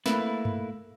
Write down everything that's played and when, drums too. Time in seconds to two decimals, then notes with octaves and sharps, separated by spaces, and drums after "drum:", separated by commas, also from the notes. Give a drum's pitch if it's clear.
0.06 A3 A#3 E4 B4, drum: snare
0.45 drum: tom G2